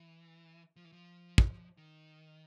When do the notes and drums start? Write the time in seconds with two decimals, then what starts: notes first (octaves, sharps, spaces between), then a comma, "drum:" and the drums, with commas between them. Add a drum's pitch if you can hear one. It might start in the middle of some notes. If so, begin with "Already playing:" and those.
Already playing: E3
0.76 F3
0.85 E3
0.92 F3
1.38 drum: kick
1.77 D#3